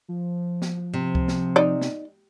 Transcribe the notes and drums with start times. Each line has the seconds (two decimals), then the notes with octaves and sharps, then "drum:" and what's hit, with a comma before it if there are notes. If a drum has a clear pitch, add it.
0.09 F3
0.62 drum: snare
0.94 C3
1.15 drum: kick C#2
1.28 drum: snare
1.56 D#4 D5
1.81 drum: snare